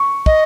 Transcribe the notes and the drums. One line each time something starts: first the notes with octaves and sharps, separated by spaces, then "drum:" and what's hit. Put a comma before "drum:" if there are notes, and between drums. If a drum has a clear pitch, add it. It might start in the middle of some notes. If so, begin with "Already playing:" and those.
Already playing: C#6
D#5, drum: kick